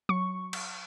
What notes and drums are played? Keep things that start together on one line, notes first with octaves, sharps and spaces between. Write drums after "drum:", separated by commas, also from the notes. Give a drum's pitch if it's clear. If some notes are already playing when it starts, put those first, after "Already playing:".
F#3 C#6
drum: cymbal